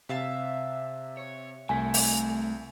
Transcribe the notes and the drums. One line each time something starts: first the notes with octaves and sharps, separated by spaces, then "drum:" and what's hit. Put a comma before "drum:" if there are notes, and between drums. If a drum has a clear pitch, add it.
C3 E5 F5 A5
C#5
C2 A3 G#5 B6
drum: open hi-hat